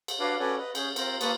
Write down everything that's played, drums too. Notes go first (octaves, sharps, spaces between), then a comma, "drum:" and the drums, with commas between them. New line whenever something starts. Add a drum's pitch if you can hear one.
drum: cymbal
D4 F#4 B4 C#5 D5 F5
C#4 F#4 A4 B4 D5 G#5
B4 D#5
C#4 G#4 G6, drum: cymbal
C4 F4 A#4 C5, drum: cymbal
A#3 F4 B4 A5 C#6 D#6, drum: cymbal